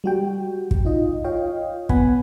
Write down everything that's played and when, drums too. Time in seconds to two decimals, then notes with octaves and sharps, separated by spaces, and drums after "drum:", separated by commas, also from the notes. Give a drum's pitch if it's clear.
0.04 G3 F#4 G5
0.71 drum: kick
0.85 D#4 F4 D#5
1.24 F4 C#5 D#5 F5 G5
1.89 B3 F#5 G#5 B5, drum: kick